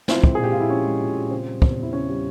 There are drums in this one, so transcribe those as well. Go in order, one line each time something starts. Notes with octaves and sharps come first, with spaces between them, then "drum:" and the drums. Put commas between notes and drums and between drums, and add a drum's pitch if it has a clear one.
F3 C4 E4, drum: snare
G#3, drum: kick
G#4
A#2 G4
A#2 F4
E4
F3 C#4
G#3
A#2
A#2
C#3 C4
G3
E2 C4, drum: kick
E2 E4
C#3 C#4
G3